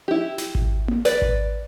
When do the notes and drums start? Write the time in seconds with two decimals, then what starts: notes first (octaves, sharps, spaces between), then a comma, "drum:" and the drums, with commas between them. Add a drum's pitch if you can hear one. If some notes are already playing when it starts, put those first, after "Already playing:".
0.08 E4 G4
0.38 drum: snare
0.55 drum: kick G#1
0.88 drum: tom A#3
1.05 B4 D5, drum: snare
1.22 drum: kick G#1